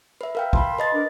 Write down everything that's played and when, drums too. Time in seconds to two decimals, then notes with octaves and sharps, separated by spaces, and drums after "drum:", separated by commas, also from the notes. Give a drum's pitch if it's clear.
0.21 B4 E5
0.35 A#4 F5 G5
0.53 A5 B5 C6, drum: kick
0.78 B4 D#5 A6
0.94 D4 A#4